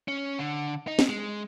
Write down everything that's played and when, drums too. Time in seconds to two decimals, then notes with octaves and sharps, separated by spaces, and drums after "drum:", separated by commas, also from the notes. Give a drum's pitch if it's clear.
0.08 C#4
0.39 D3
0.87 D#4
0.99 drum: snare
1.09 G#3